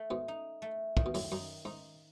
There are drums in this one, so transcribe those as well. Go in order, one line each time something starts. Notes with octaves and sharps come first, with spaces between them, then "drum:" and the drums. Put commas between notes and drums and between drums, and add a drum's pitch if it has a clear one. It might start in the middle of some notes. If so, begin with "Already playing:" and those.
Already playing: A3
G#2 B2
D#4
A3
A2 D#3, drum: kick
B2
F#2 A2, drum: open hi-hat
F#2 D#4
G#2 D#4